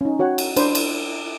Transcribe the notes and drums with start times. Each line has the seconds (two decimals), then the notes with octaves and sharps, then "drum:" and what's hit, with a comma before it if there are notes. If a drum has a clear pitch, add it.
0.01 C#4 D#4
0.19 F#4 C#5 F#5 G5
0.38 drum: cymbal
0.56 D4 C5 D5 B5, drum: cymbal
0.75 drum: cymbal